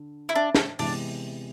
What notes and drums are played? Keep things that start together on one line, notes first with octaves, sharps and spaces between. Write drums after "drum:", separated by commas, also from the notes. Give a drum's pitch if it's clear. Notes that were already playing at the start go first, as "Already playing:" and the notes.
Already playing: D3
E4
D4
drum: snare
C3 E3 G#3 B3 D4, drum: open hi-hat